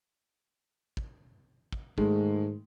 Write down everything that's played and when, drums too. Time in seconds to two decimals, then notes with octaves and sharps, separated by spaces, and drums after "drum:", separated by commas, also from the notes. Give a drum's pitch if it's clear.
0.97 drum: kick
1.72 drum: kick
1.98 G#2 D#3 G#3 A3, drum: kick